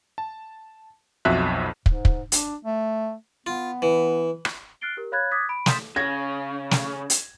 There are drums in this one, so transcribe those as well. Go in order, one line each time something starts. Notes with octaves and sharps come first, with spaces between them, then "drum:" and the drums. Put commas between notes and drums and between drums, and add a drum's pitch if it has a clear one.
A5
B1 F2 F#4 E5 F#6
G#2, drum: kick
drum: kick
D4, drum: hi-hat
A3
B3 F4
E3
drum: rim click
F6 F#6 A6 C7 D7 G7
G4 A#4
C#5 F5 B5 F#6 G#6 A6
D6 D#6 F#6 G#6 A6 B6
B5 D7
C6 D#6 G6 A6 B6 E7, drum: snare
C#3 G#6 A#6
drum: snare
drum: hi-hat